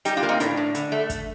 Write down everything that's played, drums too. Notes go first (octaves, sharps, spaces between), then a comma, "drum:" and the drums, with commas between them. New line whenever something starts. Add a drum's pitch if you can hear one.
G3 D#4 G4, drum: hi-hat
D4 F4
A#3
C4 D#4
A2 D4, drum: hi-hat
A2
D3, drum: hi-hat
A3
drum: kick, hi-hat